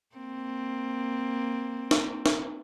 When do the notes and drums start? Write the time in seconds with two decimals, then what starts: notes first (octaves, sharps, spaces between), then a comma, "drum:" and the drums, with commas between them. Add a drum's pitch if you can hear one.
0.16 A#3 C4
1.91 drum: snare
2.26 drum: snare